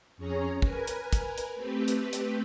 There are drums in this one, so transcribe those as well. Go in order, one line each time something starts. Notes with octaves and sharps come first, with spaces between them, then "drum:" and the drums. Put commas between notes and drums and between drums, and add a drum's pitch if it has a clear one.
F2 C#4 G#4 C#5 A#5
A#4 B4 G#5, drum: kick
drum: hi-hat
drum: kick, hi-hat
drum: hi-hat
A3 C4 G4 B4
drum: hi-hat
drum: hi-hat